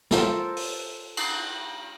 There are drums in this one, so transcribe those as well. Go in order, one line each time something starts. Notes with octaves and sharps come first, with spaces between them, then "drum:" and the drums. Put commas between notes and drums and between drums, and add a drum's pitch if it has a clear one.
F4 A4 A#4 C5, drum: snare
drum: open hi-hat
drum: cymbal